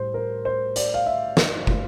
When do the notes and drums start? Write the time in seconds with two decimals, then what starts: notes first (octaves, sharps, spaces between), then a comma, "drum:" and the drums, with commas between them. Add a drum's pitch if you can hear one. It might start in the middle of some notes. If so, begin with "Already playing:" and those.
Already playing: A2 G3 C5
0.14 A#4
0.45 C5
0.76 D5, drum: hi-hat
0.94 F5
1.06 E5
1.37 drum: snare
1.67 drum: kick